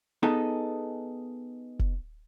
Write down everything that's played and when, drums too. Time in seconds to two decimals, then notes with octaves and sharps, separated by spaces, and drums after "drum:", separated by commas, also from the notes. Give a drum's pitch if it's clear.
0.23 B3 D#4 G#4 A4
1.79 drum: kick